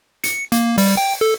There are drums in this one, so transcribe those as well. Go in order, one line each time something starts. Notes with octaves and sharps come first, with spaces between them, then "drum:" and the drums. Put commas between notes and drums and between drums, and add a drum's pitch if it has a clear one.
C#7, drum: hi-hat
A#3, drum: hi-hat
G3, drum: open hi-hat
G5
A4